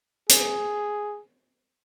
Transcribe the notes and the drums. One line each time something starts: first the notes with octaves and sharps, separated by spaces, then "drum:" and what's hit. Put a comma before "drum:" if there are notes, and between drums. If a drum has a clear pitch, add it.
G#4, drum: hi-hat